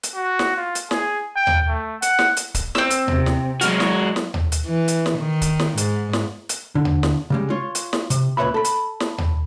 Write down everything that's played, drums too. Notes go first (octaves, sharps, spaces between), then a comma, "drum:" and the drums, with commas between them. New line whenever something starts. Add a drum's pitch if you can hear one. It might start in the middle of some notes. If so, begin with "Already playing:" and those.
drum: hi-hat
F#4
drum: snare
F4
drum: hi-hat
G#4, drum: snare
G5
drum: tom D#2
A3
F#5, drum: hi-hat
drum: snare
drum: hi-hat
drum: kick C#1, hi-hat
C4 E6, drum: snare
drum: hi-hat
C3, drum: tom D#2
drum: snare
F#3 G#3 F#4 F6, drum: hi-hat
drum: snare
drum: snare
drum: tom D#2
drum: hi-hat
E3
drum: hi-hat
drum: snare
D#3
drum: kick C#1, hi-hat
drum: snare
G#2, drum: hi-hat
drum: snare
drum: hi-hat
D3
drum: tom D#2
drum: snare
C#3 G3 G#3
F4 C#5
drum: hi-hat
drum: snare
C3, drum: hi-hat
C#2 A#2 B4 C#5 E5 B5
A4 B5
drum: hi-hat
drum: snare
drum: tom D#2